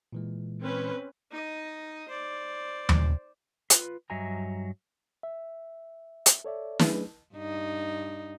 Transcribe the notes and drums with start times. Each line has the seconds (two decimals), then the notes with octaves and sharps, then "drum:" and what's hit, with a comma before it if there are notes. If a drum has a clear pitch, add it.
0.13 A#2 E3 G#3
0.62 C4 C#4 B4
1.31 D#4 D#5
2.08 C5 D5
2.89 drum: tom D#2
3.70 F4 B4, drum: hi-hat
4.10 G2 F#3 D#5 E5 G#5 A#5
5.23 E5
6.26 drum: hi-hat
6.44 A4 C#5 D5 E5
6.79 F#3 A3 C#4 D4 G#4 B4, drum: snare
7.34 G2 D#4